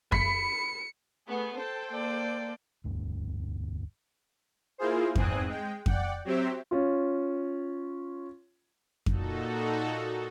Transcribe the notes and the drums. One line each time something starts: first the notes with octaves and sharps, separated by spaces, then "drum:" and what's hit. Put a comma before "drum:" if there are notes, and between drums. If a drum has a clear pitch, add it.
B5 B6 C#7, drum: kick F2
A3 B3 G#4
A4 C5 G5 A5
A#3 D5
E1 D2 G2
A#3 E4 F4 G#4 C5
E2 G#2 C4 G#5 D#6 F#6, drum: kick F2
G#3 G5
D5 F#5 G5, drum: kick F2
F#3 C4 G4 C5 E5
C#4 F4
A#2 D#4 F#4 A4, drum: kick F2